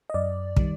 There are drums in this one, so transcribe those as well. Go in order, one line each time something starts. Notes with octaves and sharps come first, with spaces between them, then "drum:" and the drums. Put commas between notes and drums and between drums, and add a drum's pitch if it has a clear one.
D#5
F#2 D5
D#3 G3, drum: kick